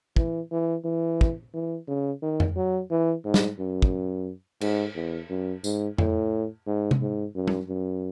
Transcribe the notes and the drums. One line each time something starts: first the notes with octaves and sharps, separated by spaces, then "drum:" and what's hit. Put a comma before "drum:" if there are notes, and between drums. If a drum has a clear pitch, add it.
E3, drum: kick
E3
E3
drum: kick
E3
C#3
D#3
drum: tom F2
F#3
E3
G#2
drum: snare
F#2
drum: kick
G#2, drum: cymbal
E2
F#2
G#2, drum: tambourine
A2, drum: tom F2
G#2
drum: tom C3
G#2
F#2
drum: tom
F#2